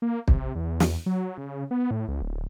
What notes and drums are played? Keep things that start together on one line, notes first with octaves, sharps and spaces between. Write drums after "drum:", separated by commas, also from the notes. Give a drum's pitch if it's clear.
A#3
C3, drum: kick
E2
drum: snare
F#3
C#3
B3
A2
C#2
D1